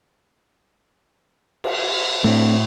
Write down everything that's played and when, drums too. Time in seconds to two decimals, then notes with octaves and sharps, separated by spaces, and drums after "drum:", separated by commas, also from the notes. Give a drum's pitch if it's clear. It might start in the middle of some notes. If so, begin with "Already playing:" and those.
1.64 drum: cymbal
2.24 A2 A3 C4 D4